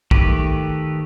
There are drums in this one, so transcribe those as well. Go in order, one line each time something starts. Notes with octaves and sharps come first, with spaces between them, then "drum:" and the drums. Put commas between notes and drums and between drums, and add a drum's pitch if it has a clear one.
D#3 A3 G4 B4, drum: kick